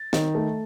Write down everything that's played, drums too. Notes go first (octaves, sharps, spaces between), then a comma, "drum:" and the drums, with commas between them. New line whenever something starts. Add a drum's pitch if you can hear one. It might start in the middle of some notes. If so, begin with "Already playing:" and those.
Already playing: A6
D#3, drum: snare
A3